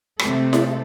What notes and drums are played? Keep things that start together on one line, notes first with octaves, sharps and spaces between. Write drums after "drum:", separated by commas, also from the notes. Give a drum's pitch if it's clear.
C3 A3 A4, drum: rim click
drum: snare E4